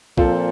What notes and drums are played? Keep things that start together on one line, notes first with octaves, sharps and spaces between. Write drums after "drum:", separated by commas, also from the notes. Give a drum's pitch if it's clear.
A#2 F3 C4 F4 A4 C5, drum: kick B1